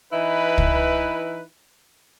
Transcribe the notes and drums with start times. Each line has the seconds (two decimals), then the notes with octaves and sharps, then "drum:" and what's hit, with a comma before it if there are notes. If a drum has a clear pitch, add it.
0.12 E3 D#4 E4 B4
0.58 drum: kick